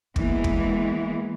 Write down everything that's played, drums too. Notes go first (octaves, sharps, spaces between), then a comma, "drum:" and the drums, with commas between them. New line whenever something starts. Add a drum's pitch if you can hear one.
E3 G#3 A#3 B3, drum: kick
drum: kick